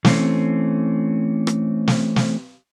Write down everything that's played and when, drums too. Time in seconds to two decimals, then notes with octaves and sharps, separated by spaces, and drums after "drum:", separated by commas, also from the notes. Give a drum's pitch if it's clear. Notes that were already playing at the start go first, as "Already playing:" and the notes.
0.05 E3 A3 C4 C#4, drum: snare
1.47 drum: rim click
1.88 drum: snare
2.16 drum: snare